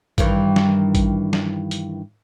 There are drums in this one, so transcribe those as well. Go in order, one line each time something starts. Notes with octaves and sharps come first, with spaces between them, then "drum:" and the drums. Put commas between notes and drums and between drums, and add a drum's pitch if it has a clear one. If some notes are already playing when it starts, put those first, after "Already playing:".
G2 D#3 E3, drum: kick A1, hi-hat
drum: snare
drum: kick A1, hi-hat
drum: snare
drum: hi-hat